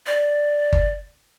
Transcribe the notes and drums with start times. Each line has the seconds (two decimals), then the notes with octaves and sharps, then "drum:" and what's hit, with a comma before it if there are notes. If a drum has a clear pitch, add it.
0.07 D5
0.73 drum: kick G1